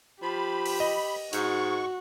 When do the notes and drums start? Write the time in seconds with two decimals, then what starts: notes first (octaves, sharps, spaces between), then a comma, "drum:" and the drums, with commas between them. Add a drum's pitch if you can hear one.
0.22 F3 G4 B5
0.66 drum: open hi-hat
0.80 D#5
1.33 G#2 F#4 C#6, drum: hi-hat